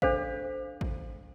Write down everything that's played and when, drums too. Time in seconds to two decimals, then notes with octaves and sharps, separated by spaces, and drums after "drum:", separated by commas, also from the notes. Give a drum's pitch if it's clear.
0.02 D4 A4 C5 F5, drum: kick G#1
0.81 drum: kick G#1